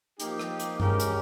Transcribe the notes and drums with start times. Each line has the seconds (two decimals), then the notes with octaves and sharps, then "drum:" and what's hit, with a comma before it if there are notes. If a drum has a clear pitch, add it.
0.19 F3 A#3 D#4 G4, drum: hi-hat
0.39 drum: rim click
0.59 drum: hi-hat
0.80 G#3 C#4 G4 A#4, drum: tom G2
1.00 drum: hi-hat